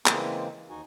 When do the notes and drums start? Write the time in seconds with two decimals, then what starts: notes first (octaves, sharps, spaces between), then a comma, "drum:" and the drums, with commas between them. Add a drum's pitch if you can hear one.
0.06 C#3 E3 G#3 A#3 C4, drum: clap
0.70 D#2 D#4 F#4 G#5